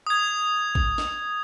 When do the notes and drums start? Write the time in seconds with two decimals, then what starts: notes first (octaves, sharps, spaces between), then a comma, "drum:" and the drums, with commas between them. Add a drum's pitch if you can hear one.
0.07 D#6 G#6
0.75 drum: kick A1
0.98 drum: snare